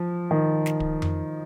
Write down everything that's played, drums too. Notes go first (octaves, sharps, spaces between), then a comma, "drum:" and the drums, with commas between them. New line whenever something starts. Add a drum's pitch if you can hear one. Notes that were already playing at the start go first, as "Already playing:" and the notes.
Already playing: F3
D#3
drum: snare
drum: kick
drum: tom F2